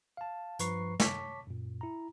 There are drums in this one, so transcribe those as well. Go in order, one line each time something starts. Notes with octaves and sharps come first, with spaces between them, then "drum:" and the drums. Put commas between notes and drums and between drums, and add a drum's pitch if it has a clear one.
F5 A5
G2 F3 B4 A#5 C#6 C7, drum: hi-hat
C#5 A5 C#6 D6 B6, drum: snare
F#2 A#2
E4 A#5